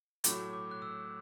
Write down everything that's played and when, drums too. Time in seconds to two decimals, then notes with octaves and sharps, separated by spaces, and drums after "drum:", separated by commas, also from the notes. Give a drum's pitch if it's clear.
0.24 A2 F#3 A3 D6, drum: hi-hat
0.53 D6
0.71 F#6
0.82 E6